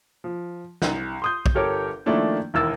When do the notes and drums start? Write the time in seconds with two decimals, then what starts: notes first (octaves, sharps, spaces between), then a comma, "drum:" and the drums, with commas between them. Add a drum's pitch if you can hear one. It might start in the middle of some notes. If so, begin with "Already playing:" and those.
0.24 F3
0.82 C2, drum: snare
1.22 C6 D#6 G6
1.46 drum: kick
1.55 G1 G4 A4 A#4 C#5 D6
2.06 D#3 F3 A3 A#3 D4 E4
2.54 E1 D#2 E4 A#4 E6 A6